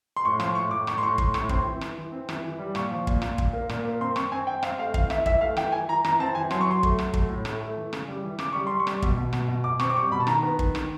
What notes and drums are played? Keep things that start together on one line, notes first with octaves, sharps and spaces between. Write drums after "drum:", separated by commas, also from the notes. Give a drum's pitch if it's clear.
C6
A2 C#6
F3 C6, drum: rim click
A2 C#6
A2 D6
A2 C#6, drum: rim click
C6
A2 C#6
A2 C6, drum: kick
A2 C#6, drum: rim click
C4 C6, drum: kick
E3
E3, drum: rim click
E3
C4
E3, drum: rim click
E3
G3
A#2 C#6, drum: rim click
F3
A#2, drum: kick
A#2, drum: rim click
A#2, drum: kick
A#3
A#2, drum: rim click
A#3
C4 C6
C4 C#6, drum: rim click
C4 G#5
C4 G5
C4 F5, drum: rim click
A3 F5
E3 F5, drum: kick
E3 E5, drum: rim click
E3 E5, drum: kick
A3 F5
E3 G5, drum: rim click
E3 G#5
E3 A#5
E3 A#5, drum: rim click
C4 A5
E3 G#5
F#3 C6, drum: rim click
C#6
F#3 C6
A3, drum: kick
F#3, drum: rim click
A3, drum: kick
A2
A3, drum: rim click
A3
E3
C#3, drum: rim click
G3
E3
C#3 D6, drum: rim click
G3 C#6
G3 C6
C#6
G3, drum: rim click
B2, drum: kick
B2
B2, drum: rim click
B2
B2 D6
C4 C#6, drum: rim click
D6
G3 C#6
B2 B5
A5
D#3 A#5, drum: rim click
B3
D#3, drum: kick
D#3, drum: rim click